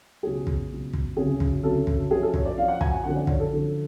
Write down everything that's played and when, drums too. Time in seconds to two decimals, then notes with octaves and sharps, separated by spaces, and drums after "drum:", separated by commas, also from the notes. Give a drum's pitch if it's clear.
0.23 C#2 B2 F#3 G#4
0.47 drum: kick
0.70 C#2 B2 F#3
0.93 drum: kick
1.16 D2 C#3 F#3 G#4
1.40 drum: kick
1.63 D2 C#3 F#3 A4
1.87 drum: kick
2.10 F#2 F3 G#4
2.22 A4
2.34 C#5, drum: kick
2.45 D5
2.57 F#2 F3 F5
2.68 F#5
2.81 G#5, drum: kick
2.93 F#5
3.04 F#2 D3 F3 F#5
3.16 D5
3.27 C#5, drum: kick
3.40 A4
3.51 F#2 D3 F3